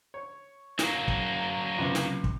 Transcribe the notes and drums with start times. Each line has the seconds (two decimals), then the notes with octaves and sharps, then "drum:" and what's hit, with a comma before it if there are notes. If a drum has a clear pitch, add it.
0.14 C#5
0.79 F#3 A#3, drum: snare
1.08 drum: kick
1.78 C#2 C3
1.95 drum: snare
2.24 drum: kick